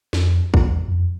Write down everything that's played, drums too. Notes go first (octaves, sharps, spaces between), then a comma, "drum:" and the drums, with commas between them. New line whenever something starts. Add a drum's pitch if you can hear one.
F2, drum: snare
E2, drum: kick
F#2
F2